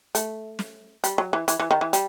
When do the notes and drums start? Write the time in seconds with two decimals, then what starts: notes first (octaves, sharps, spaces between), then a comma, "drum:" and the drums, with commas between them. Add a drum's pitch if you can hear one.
0.15 A3, drum: hi-hat
0.59 drum: snare
1.04 G3, drum: hi-hat
1.18 F#3
1.33 E3
1.48 E3, drum: hi-hat
1.60 E3
1.71 D#3
1.81 E3
1.93 G3, drum: hi-hat